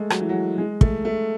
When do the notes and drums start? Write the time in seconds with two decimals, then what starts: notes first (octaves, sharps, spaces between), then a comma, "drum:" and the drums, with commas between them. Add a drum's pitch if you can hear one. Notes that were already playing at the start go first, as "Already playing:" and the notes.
Already playing: G#3 A3
0.10 F#3, drum: rim click
0.20 E3
0.29 F#3
0.58 G#3
0.81 A3, drum: kick
1.05 A3